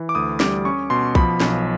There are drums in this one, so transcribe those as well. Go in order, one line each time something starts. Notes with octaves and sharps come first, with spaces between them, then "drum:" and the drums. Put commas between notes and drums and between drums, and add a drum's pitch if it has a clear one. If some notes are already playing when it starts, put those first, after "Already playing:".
Already playing: E3
D6
D2 D#6
G3 D6, drum: snare
C#4 C#6
B2 C6
F3 B5, drum: kick B1
B1, drum: snare